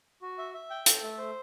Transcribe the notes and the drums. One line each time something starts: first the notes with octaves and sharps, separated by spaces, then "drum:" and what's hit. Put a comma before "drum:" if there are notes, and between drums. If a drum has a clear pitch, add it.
F#4
E5
E5
G5
A4, drum: hi-hat
A3
C5